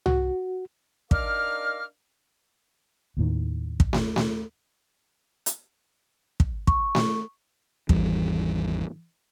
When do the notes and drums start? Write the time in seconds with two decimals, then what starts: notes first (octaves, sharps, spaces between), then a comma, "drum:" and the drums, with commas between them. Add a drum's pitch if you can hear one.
0.06 F#4, drum: tom C2
1.11 D4 D#4 A#4 F5 D6 F6, drum: kick
3.17 D#2 A2 D#3
3.80 drum: kick
3.93 drum: snare A3
4.16 drum: snare A3
5.46 drum: hi-hat
6.40 drum: kick
6.67 C#6, drum: kick
6.95 drum: snare A3
7.89 G#1 E2 E3 G3, drum: kick